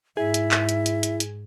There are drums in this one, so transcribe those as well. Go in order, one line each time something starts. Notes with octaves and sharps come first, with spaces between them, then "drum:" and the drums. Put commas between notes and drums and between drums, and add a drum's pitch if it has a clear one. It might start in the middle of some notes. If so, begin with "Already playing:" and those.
G#2 E4 G#4 E5
drum: hi-hat
drum: clap
drum: hi-hat
drum: hi-hat
drum: hi-hat
drum: hi-hat